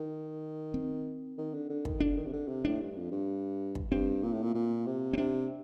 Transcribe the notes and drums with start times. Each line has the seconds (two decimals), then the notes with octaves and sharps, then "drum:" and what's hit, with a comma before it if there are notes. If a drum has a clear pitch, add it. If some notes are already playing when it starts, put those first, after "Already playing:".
Already playing: D#3
0.74 C4
1.38 D#3
1.54 D3
1.70 D3
1.85 D#3, drum: kick
2.00 D3 D4
2.17 D#3
2.27 C3
2.33 D3
2.48 C3
2.65 A2 D4
2.80 G2
2.97 F2
3.11 G2
3.75 drum: kick
3.91 G2 C4
4.23 A#2
4.33 A2
4.42 A#2
4.55 A#2
4.86 C3
5.13 C4
5.18 C3 D4